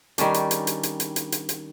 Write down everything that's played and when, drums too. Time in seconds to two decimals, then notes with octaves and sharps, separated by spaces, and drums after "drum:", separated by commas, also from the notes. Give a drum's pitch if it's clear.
0.18 D#3 G3 C#4 D4, drum: hi-hat
0.34 drum: hi-hat
0.51 drum: hi-hat
0.67 drum: hi-hat
0.83 drum: hi-hat
1.00 drum: hi-hat
1.16 drum: hi-hat
1.32 drum: hi-hat
1.49 drum: hi-hat